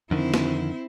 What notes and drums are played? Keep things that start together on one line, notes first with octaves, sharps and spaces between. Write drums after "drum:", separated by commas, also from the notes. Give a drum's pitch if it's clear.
F2 D3 D#3 C4 E4
drum: snare